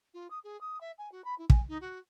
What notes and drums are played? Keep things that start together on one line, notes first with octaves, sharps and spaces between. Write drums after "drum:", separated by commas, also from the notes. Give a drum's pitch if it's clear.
F4
D#6
G#4
D#6
E5
G#5
F#4
B5
E4
G#5, drum: kick
D#4
F#4